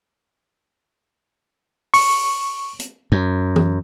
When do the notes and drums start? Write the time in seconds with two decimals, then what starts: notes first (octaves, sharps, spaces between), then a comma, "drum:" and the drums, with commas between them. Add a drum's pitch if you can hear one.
1.94 C#6, drum: open hi-hat
2.80 drum: hi-hat
3.12 F#2
3.56 drum: tom E3